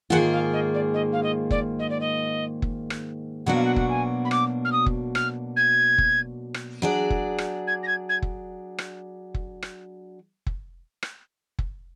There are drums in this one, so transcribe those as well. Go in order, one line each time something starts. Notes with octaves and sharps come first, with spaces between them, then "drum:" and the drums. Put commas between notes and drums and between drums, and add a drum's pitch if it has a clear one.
G#2 D#3 A#3 F4 G#4 F#5
F5
D#5
D5
D#5
F5
D#5
D5, drum: kick
D#5
D5
D#5
drum: kick
drum: rim click
B2 F#3 A#3 D4 F#4 F#5
F5
F#5
F#5, drum: kick
G#5
B5
D6, drum: rim click
F6
D#6
drum: kick
F6, drum: rim click
G#6
drum: kick
drum: rim click
F#3 D4 G#4 D5
drum: kick
drum: rim click
G#6
A#6
G#6
G#6
drum: kick
drum: rim click
drum: kick
drum: rim click
drum: kick
drum: rim click
drum: kick